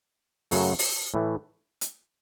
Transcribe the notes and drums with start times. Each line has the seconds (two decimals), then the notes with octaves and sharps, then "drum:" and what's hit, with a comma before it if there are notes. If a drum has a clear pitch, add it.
0.51 F#2 C#3 F#3 A3, drum: open hi-hat
0.79 drum: open hi-hat
1.14 A2 E3 A3
1.81 drum: hi-hat